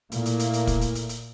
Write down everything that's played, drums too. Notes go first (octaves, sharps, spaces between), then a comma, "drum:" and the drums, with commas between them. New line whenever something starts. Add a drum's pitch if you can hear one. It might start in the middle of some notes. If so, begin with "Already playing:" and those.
A#2 A3 A#3 E4, drum: hi-hat
drum: hi-hat
drum: hi-hat
drum: hi-hat
drum: kick, hi-hat
drum: hi-hat
drum: hi-hat
drum: hi-hat